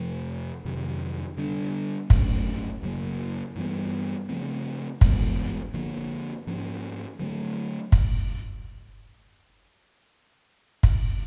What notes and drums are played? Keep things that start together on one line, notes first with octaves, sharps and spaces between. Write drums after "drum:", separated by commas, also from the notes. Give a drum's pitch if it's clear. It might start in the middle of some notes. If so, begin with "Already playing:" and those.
Already playing: F2 C3 F3 A3
F2 C3 D#3 F#3
D3 G3 B3 D4
A#2 F#3 A3 C#4, drum: kick
F#2 C#3 F#3 A#3
G2 E3 G3 B3
C#3 F3 A3 C4
G2 E3 G#3 B3, drum: kick
D3 F3 A#3
G#2 F3 A#3 C#4
D3 F#3 A3
drum: kick
drum: kick